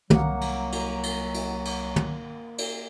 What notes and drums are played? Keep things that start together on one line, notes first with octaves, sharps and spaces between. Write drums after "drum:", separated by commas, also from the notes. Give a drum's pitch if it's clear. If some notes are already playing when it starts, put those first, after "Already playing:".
C2 F#3 A#3 F#5, drum: tom
drum: cymbal
drum: cymbal
drum: cymbal
drum: cymbal
drum: cymbal
drum: tom
drum: cymbal